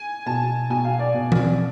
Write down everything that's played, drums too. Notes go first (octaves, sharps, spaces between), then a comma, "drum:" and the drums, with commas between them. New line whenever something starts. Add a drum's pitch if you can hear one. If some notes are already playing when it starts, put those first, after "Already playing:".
Already playing: G#5
B2 A5
B2 G#5
F5
D5
B2
drum: tom E3